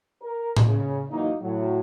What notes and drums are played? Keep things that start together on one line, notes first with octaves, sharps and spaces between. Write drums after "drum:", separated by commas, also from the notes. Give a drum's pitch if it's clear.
A#4
drum: tom A2
C#3
E3 F#3 A#3 D#4
A2 F#3